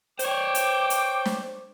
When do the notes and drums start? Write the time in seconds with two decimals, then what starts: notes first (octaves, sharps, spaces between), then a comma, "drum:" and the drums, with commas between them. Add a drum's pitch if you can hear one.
0.19 C5 C#5 G5 D6, drum: hi-hat
0.55 drum: hi-hat
0.90 drum: hi-hat
1.25 drum: snare